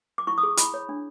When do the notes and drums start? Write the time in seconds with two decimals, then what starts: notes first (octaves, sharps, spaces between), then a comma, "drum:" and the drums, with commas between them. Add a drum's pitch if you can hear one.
0.18 D6
0.27 E4 C#6
0.38 D#6
0.43 G#4
0.57 E4 B5, drum: hi-hat
0.74 C#5
0.89 D4